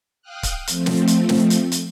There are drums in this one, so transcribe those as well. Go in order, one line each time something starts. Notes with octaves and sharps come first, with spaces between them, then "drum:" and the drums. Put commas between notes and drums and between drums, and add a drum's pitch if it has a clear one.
F5 G5 D#6 F6 F#6
drum: kick, hi-hat
F3 A3 C4, drum: hi-hat
drum: snare
drum: hi-hat
drum: snare
drum: hi-hat
drum: hi-hat